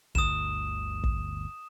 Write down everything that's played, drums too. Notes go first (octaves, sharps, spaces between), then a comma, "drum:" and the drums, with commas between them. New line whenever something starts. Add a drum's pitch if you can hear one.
G1 D2 D#6 E7, drum: kick
drum: kick